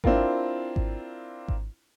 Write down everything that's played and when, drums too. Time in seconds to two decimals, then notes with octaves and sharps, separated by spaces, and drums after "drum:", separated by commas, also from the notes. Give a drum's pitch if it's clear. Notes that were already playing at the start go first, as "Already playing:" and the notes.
0.04 C4 D4 E4 F4 A#4, drum: kick G#1
0.76 drum: kick G#1
1.48 drum: kick G#1